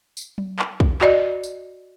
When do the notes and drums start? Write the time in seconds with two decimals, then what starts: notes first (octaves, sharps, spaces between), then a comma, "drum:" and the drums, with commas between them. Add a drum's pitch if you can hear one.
0.17 drum: tambourine
0.38 drum: tom F#3
0.59 drum: clap
0.80 drum: kick
1.01 F#4 D5 D#5, drum: clap
1.43 drum: tambourine